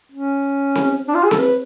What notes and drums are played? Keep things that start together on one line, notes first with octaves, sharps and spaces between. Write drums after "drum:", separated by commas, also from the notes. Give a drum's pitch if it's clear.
C#4
drum: snare C4
D4
F4
G#4
A4, drum: snare C4
B4